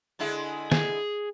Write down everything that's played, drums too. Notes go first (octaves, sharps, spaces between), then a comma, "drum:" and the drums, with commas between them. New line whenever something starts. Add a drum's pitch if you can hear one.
D3 G#3 E4
G#4, drum: snare